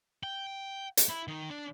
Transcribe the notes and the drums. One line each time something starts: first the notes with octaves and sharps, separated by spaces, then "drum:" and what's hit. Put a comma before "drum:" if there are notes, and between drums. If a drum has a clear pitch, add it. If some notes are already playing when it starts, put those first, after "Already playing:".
G5
drum: hi-hat
E4
D#3
D4